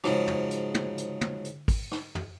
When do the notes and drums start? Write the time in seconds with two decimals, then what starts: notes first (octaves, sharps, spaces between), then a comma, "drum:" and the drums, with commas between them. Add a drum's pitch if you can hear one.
0.04 G#2 C#3 F3 F#3, drum: rim click
0.27 drum: tom
0.51 drum: hi-hat
0.74 drum: tom
0.98 drum: hi-hat
1.21 drum: tom
1.45 drum: hi-hat
1.68 drum: kick, open hi-hat
1.92 drum: rim click
2.15 drum: tom